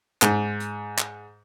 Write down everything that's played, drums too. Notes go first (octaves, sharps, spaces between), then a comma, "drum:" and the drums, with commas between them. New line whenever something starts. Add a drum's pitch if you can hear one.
G#2, drum: clap
drum: hi-hat
drum: clap